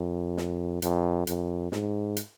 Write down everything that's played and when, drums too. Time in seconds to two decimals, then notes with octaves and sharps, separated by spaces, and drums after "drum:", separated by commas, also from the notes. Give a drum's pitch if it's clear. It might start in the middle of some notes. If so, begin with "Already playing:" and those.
Already playing: F2
0.37 drum: snare
0.82 F2, drum: hi-hat
1.27 F2, drum: hi-hat
1.72 G#2, drum: snare
2.17 drum: hi-hat